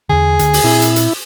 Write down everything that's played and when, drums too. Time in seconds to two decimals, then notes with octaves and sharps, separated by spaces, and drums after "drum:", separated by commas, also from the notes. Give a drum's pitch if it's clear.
0.09 E2 D3 G#4
0.39 D2 D3, drum: hi-hat
0.53 drum: open hi-hat
0.64 A#2 C4 E4
0.82 drum: hi-hat
0.96 drum: hi-hat